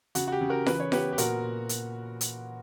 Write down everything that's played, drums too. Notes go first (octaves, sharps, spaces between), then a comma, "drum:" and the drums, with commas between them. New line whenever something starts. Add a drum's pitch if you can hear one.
C#3 F#4, drum: hi-hat
F#4
G4
C#3
F#4 A#4
E3 B4, drum: snare F4
C#5
B3 G4 B4, drum: snare F4
G4
A#2 F#4 A#4, drum: hi-hat
A#2
drum: hi-hat
drum: hi-hat